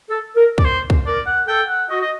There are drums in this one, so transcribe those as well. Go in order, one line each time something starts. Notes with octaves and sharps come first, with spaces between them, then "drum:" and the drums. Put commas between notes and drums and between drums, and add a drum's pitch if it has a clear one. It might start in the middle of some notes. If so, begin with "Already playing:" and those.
A4
A#4
D5, drum: kick
C5
drum: kick
A#4 D5
F#5
A4 G5
F#5
F#4 D#5
D#5